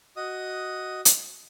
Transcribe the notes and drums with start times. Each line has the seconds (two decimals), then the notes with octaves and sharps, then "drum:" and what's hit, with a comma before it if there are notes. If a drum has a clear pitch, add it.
0.16 F#4 D#5 D#6
1.05 drum: hi-hat